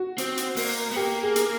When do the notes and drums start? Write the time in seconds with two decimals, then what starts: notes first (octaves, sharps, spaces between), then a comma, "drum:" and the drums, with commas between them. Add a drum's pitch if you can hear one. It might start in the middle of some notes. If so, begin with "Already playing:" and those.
Already playing: F#4
0.18 C4, drum: hi-hat
0.37 drum: hi-hat
0.56 A#3, drum: open hi-hat
0.92 B3
0.96 A#3 G4
1.23 G#4
1.36 drum: hi-hat